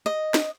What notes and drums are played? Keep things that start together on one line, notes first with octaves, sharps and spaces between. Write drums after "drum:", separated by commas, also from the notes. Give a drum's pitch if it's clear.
D#5
drum: snare